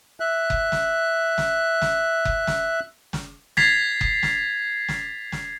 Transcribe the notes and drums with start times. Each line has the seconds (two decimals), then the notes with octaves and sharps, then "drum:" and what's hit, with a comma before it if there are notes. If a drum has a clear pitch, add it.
0.20 E5 F#6
0.50 drum: kick F#1
0.72 drum: snare
1.38 drum: snare
1.82 drum: snare
2.25 drum: kick F#1
2.47 drum: snare
3.13 drum: snare
3.57 G#6 A6 B6 C7 F7, drum: snare
4.01 drum: kick F#1
4.23 drum: snare
4.88 drum: snare
5.32 drum: snare